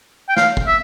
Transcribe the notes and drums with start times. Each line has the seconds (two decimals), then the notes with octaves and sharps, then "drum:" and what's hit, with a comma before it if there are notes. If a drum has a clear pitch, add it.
0.29 G5
0.36 F5, drum: snare
0.57 drum: kick
0.67 E5